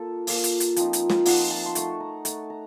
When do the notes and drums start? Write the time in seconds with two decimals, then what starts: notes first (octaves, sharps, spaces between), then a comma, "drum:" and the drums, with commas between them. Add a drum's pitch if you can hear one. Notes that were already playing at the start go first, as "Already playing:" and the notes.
Already playing: A#3 F4 A4
0.27 A#3 F4, drum: open hi-hat
0.44 drum: hi-hat
0.60 drum: hi-hat
0.76 F3 C4 D#4, drum: hi-hat
0.93 drum: hi-hat
1.10 drum: snare
1.25 F3 C4 D#4 F#5, drum: open hi-hat
1.51 A5
1.66 C6
1.75 A3 D#4 C#6, drum: hi-hat
2.00 A#5
2.25 A3 D#4 A5, drum: hi-hat
2.50 A#5